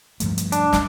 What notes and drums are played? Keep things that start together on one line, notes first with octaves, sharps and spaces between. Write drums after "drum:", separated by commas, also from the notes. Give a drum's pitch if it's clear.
G2 F3 A3, drum: hi-hat
drum: hi-hat
D4, drum: hi-hat
drum: snare